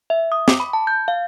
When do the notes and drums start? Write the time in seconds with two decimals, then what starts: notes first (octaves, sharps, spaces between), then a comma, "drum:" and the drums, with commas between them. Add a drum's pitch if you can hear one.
0.10 E5
0.32 D#6
0.48 D6, drum: snare
0.60 B5
0.73 A5
0.87 G6
1.08 F5